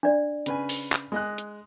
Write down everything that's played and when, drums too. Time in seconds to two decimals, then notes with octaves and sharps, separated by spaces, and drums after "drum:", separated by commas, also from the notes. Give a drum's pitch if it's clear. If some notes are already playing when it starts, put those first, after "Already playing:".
0.03 D4 D5
0.46 C#3 B4 G#5, drum: hi-hat
0.69 drum: open hi-hat
0.92 drum: clap
1.12 G#3 D#5 F#6
1.38 drum: hi-hat